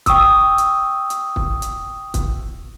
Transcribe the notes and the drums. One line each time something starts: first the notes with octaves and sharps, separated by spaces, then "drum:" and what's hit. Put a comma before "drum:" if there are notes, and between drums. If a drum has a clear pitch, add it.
G5 C#6 D#6 E6, drum: kick, hi-hat
drum: hi-hat
drum: hi-hat
drum: kick
drum: hi-hat
drum: kick, hi-hat